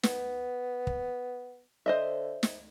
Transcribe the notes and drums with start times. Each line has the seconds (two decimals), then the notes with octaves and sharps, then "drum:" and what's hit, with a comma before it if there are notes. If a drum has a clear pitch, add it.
0.03 B3, drum: snare
0.87 drum: kick
1.86 D3 C5 D#5 E5
2.43 drum: snare